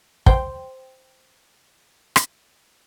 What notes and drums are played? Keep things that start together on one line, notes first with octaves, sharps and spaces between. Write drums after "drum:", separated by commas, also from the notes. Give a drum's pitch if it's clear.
C5 G5, drum: kick
drum: rim click